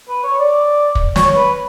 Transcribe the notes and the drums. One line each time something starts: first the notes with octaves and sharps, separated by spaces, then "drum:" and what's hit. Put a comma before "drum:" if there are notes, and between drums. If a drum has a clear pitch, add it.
B4
C#5
D5
drum: kick
C#5, drum: snare
B4